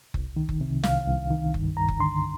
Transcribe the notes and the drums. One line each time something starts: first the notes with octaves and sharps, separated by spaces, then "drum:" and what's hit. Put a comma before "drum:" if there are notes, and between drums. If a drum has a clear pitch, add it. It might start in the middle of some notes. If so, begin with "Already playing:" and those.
C2, drum: kick F#1
D#3
drum: kick F#1
C3
C2 F5, drum: snare
C2
D#3
G2, drum: kick F#1
G2 A#5
drum: kick F#1
D3 C6